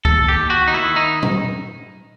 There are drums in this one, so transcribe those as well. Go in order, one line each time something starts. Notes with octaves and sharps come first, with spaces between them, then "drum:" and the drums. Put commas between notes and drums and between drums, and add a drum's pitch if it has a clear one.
D#2 A4, drum: kick C2
G4
D#2
F#4
D#4
D#3 E4
D#4
drum: tom